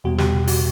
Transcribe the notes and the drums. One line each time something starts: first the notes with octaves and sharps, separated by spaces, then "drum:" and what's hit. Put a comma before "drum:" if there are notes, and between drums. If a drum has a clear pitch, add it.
E2 B2 G3 F#4
G4, drum: snare
F#4, drum: open hi-hat